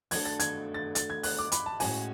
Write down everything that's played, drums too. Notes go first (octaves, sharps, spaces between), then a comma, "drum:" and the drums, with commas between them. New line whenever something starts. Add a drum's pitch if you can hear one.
A3 D4 F#4 A4 G#6, drum: open hi-hat
A6
G#6, drum: hi-hat
A6
A6, drum: hi-hat
G#6
F#6, drum: open hi-hat
D6
B5, drum: hi-hat
A5
A2 G#3 C#4 F#4 G#5, drum: open hi-hat